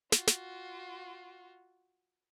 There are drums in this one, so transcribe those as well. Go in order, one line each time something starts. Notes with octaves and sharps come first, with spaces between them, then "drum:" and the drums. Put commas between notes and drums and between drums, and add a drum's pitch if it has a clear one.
F4 F#4, drum: snare
drum: snare